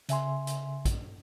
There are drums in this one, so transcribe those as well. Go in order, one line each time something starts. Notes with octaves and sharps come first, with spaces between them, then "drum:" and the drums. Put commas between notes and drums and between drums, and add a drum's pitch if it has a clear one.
C#3 E5 G#5 C6, drum: hi-hat
drum: hi-hat
drum: kick, hi-hat